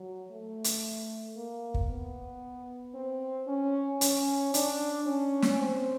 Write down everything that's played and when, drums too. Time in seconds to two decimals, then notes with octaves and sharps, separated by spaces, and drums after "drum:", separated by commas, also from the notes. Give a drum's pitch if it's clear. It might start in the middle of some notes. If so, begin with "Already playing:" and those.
Already playing: F#3
0.31 A3
0.64 drum: hi-hat
1.36 A#3
1.74 drum: kick
1.89 B3
2.94 C4
3.47 C#4
4.01 C#4, drum: hi-hat
4.54 D4, drum: hi-hat
5.07 C#4
5.42 drum: snare
5.60 C4